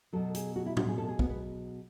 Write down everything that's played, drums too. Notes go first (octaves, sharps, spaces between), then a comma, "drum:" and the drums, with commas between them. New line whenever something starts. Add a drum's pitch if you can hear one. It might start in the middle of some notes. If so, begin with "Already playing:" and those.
B2 F#3 A4
G#4, drum: hi-hat
F#4
E4
F#4, drum: tom A2
G#4
A4
G#4
B3, drum: kick
B3